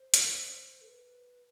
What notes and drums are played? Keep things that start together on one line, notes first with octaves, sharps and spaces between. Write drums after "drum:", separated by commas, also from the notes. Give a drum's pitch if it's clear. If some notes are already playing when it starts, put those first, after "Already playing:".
Already playing: C5
drum: hi-hat
A4
B4